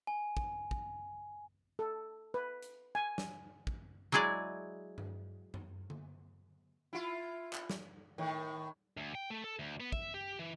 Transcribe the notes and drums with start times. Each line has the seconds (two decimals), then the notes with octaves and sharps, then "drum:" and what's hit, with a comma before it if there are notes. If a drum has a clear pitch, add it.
0.07 G#5
0.37 drum: kick
0.71 drum: kick
1.79 A4
2.34 B4
2.63 drum: hi-hat
2.95 G#5
3.18 drum: snare
3.67 drum: kick
4.12 F#3 G#3 E4 G#4 D5
4.98 drum: tom G2
5.54 drum: tom F#2
5.90 drum: tom D3
6.93 E4 F4
7.53 drum: clap
7.70 drum: snare
8.18 A2 D#3
8.97 D2
9.15 G5
9.30 A3
9.44 A4
9.59 D2
9.80 B3
9.92 E5, drum: kick
10.14 G4
10.39 E3